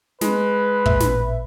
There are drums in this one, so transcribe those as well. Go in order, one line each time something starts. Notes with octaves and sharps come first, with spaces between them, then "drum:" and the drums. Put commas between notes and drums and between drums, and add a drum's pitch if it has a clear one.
G#3 B4, drum: snare
A1 A#2 E5, drum: kick
drum: snare